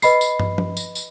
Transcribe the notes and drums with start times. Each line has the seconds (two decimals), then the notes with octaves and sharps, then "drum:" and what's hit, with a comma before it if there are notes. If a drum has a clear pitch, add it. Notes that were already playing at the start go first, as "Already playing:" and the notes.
0.02 B4 D#5 B5 C7, drum: tambourine
0.21 drum: tambourine
0.40 drum: tom
0.58 drum: tom F3
0.77 drum: tambourine
0.95 drum: tambourine